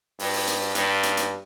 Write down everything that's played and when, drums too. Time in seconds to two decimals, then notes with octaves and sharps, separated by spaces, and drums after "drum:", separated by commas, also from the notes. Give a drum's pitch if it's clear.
0.19 G2, drum: open hi-hat
0.33 drum: open hi-hat
0.47 drum: hi-hat
0.75 G2, drum: hi-hat
1.03 drum: hi-hat
1.17 drum: hi-hat